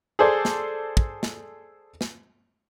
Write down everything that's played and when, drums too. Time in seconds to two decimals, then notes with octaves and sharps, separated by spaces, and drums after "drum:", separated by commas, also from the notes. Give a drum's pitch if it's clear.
0.19 G#4 A4 C5 D5
0.45 drum: snare
0.97 drum: kick
1.23 drum: snare
2.01 drum: snare